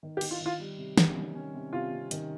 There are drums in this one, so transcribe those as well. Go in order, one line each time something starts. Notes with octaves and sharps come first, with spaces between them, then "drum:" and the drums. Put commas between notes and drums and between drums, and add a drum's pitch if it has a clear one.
D#3
G4
D#3, drum: cymbal
F4
D#3
F4
G3
C3
D#3, drum: snare
C#4
C#4
C3
C3 F4
C3
D#3, drum: hi-hat